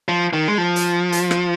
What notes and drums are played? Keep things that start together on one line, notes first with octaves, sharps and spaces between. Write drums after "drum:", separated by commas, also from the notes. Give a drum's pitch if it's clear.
F3
D#3
G#3
F3
drum: hi-hat
drum: hi-hat
drum: rim click